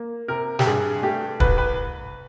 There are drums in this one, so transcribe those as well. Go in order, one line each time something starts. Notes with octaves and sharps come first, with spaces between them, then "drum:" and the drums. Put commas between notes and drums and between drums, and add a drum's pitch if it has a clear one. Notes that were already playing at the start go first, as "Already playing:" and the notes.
Already playing: A#3
C3 A#4
G4, drum: snare
G2 G#4
A3 G4
C2 B4, drum: kick
B4